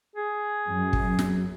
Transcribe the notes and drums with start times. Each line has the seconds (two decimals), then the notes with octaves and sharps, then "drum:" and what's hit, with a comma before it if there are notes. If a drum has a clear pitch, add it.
0.16 G#4
0.71 F#2
0.93 drum: kick
1.19 drum: snare